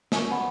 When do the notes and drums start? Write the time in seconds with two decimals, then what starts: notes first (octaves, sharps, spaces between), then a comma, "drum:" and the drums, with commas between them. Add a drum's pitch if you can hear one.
0.12 C#4, drum: snare
0.31 B3